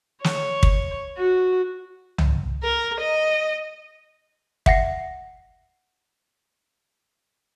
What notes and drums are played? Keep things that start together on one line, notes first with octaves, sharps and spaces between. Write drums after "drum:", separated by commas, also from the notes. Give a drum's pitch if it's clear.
C#5, drum: snare
drum: kick
F#4
drum: tom
A#4
D#5
E5 F#5 A#6 C7, drum: kick